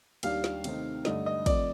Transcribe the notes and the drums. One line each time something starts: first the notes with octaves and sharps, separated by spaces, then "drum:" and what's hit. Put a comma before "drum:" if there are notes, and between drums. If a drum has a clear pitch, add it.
D#2 D#3 G3 D4 G4 F5, drum: cymbal
drum: snare
C3 D#3 A3 C4 D#4, drum: cymbal
G2 D3 A3 D4 D#5, drum: snare
D#5
C3 F3 A3 C4 D5, drum: kick, cymbal